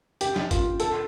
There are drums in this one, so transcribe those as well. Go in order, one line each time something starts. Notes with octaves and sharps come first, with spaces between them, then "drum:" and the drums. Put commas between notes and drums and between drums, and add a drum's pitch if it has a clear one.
G4, drum: hi-hat
drum: snare
F4, drum: kick G1, hi-hat
A4, drum: hi-hat